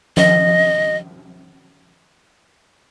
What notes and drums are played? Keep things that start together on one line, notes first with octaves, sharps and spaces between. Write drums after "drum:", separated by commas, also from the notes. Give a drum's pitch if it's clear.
D#5, drum: tom F3